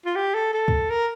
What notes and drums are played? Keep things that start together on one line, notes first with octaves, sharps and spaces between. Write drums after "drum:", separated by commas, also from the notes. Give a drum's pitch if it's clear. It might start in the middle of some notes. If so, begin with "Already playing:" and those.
F4
G4
A4
A4
drum: kick
A#4